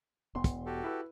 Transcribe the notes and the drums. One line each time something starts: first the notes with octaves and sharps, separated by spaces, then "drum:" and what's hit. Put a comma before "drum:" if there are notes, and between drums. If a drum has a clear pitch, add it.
E1 B3 C6
drum: kick, hi-hat
F#4 G4 A4
E4 B4 E6